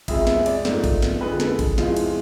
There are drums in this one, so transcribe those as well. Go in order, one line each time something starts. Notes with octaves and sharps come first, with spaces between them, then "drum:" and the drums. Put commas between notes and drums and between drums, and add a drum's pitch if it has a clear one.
F2 C3 G#3 E5, drum: kick, cymbal
E5, drum: snare
D5, drum: cymbal
G#2 F3 A3, drum: snare
drum: kick, cymbal
drum: snare
F2 D3 G#3 B4
A4, drum: snare
drum: kick, cymbal
E2 C3 F3 G#3 F4, drum: snare
drum: cymbal